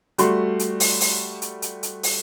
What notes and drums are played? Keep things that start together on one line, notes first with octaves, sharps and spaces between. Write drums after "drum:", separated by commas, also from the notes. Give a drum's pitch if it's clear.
G3 A3 F#4 C6, drum: hi-hat
drum: hi-hat
drum: open hi-hat
drum: open hi-hat
drum: hi-hat
drum: hi-hat
drum: hi-hat
drum: open hi-hat